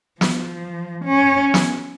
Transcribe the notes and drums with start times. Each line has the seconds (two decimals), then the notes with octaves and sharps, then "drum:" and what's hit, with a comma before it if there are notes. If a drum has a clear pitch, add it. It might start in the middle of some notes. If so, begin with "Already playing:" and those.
0.21 F3, drum: snare
1.03 C#4
1.54 drum: snare